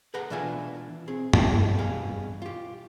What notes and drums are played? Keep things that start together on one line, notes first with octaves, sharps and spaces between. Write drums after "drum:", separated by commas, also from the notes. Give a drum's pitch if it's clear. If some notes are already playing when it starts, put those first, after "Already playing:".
G#4 A4 B4 F#5 A#5
B2 E3 D4 F4 E5 G#5
C4 G#4
G4 A4 A#4, drum: tom
E2 G2 B2 G#4 F5
F4 G4